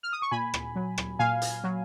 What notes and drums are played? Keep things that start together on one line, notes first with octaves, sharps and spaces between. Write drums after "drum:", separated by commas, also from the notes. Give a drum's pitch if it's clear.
F6
D#6
C#6
A#2 G#5 B5
drum: rim click
F#3
drum: rim click
A#2 F5 G#5
drum: hi-hat
F#3